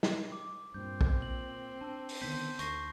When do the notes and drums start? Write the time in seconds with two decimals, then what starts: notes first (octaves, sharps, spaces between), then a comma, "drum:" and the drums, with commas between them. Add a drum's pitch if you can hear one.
0.03 drum: snare
0.32 D6
0.74 G2 A#2 C4 G6
1.01 drum: kick A#1
1.22 A#2 F#7
1.81 D4 A5 E6
2.09 drum: open hi-hat
2.22 D3 D#3 B3 C6 G6 B6
2.59 D2 C#6 A#6 C7, drum: hi-hat